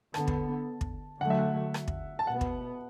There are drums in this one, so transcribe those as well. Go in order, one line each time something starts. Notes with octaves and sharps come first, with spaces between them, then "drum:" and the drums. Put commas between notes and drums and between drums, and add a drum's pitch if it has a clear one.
D3 B3 A5, drum: rim click
drum: kick
drum: kick
D3 F#3 A3 F#5
E5
F#5
drum: rim click
drum: kick
A5
B2 B3 F#5
drum: kick